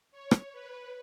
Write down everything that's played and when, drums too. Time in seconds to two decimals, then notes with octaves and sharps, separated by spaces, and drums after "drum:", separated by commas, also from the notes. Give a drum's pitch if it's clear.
0.12 C#5
0.31 drum: rim click
0.53 B4